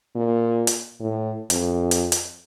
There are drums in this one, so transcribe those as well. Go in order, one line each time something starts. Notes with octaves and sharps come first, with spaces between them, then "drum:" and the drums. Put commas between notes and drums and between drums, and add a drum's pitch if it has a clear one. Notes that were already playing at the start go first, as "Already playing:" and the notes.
A#2
drum: hi-hat
A2
F2, drum: hi-hat
drum: hi-hat
drum: hi-hat